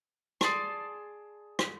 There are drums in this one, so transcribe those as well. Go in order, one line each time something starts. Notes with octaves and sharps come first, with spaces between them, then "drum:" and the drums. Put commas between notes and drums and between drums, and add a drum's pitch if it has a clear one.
G#4 D5 A5 C6, drum: rim click
drum: rim click